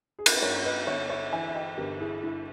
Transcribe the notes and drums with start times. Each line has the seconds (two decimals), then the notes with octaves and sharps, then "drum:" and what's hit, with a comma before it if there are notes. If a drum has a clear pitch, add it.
0.19 G#4
0.26 A#4, drum: cymbal
0.34 B4
0.42 G2 A#4 C#5
0.56 C#5
0.65 B4 D#5
0.87 G1 C#5 E5
1.10 C#5 E5
1.32 E3 E5 G#5
1.47 E5
1.55 D#5 G5
1.77 G1 G4 A#4
2.00 E4 G#4
2.23 G2 E4